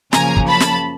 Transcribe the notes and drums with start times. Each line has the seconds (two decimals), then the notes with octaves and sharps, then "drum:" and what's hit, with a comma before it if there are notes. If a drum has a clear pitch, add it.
0.13 F#2 C#3 F3 A#3 G#5 A#5, drum: snare
0.37 drum: kick
0.48 A5 B5
0.60 drum: snare